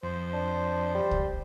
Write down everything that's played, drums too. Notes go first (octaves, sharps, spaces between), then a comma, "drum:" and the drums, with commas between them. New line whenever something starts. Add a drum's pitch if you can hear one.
F2 C5
D4
G3
drum: kick C2